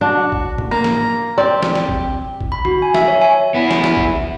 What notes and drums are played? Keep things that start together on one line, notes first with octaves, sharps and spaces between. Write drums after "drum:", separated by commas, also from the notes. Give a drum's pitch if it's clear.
D4 F#4
drum: kick
drum: tom A2
A#3 A#5
drum: snare
C4 G4 D5
drum: snare
drum: snare
drum: kick
drum: kick
B5
F#4, drum: tom D#3
G#5
E5, drum: snare
C#5
G#5
B3 E4
drum: snare
drum: snare
drum: kick